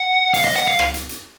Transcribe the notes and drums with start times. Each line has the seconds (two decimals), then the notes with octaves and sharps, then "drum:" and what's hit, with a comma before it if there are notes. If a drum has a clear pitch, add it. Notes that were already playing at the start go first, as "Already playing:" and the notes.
Already playing: F#5
0.34 F5, drum: open hi-hat
0.44 D#5
0.56 F#5
0.68 F5
0.79 drum: rim click
0.94 drum: hi-hat
1.09 drum: hi-hat